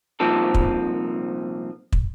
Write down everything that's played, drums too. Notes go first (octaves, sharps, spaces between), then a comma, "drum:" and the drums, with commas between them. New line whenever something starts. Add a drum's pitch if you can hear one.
C2 A#2 F3 C4 D#4 A4
drum: kick
drum: kick